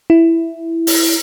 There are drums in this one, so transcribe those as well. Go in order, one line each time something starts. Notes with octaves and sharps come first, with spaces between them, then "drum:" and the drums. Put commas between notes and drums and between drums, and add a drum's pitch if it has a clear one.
E4
drum: open hi-hat